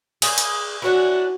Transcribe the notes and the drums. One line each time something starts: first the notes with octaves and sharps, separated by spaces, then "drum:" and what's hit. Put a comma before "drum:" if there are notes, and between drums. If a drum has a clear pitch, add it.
G#4, drum: cymbal
drum: hi-hat
E3 C#4 D4 F#4